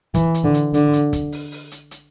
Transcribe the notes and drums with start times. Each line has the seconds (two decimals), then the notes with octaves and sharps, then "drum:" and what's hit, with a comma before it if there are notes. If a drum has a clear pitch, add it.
0.14 E3, drum: kick, hi-hat
0.34 drum: hi-hat
0.44 D3
0.54 drum: hi-hat
0.74 D3, drum: hi-hat
0.93 drum: hi-hat
1.13 drum: kick, hi-hat
1.32 drum: open hi-hat
1.52 drum: open hi-hat
1.72 drum: hi-hat
1.91 drum: hi-hat